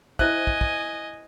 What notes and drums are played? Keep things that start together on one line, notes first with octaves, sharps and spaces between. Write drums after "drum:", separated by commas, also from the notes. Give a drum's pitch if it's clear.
E4 C5 D#5 E5 G#5 F#6, drum: kick
drum: kick
drum: kick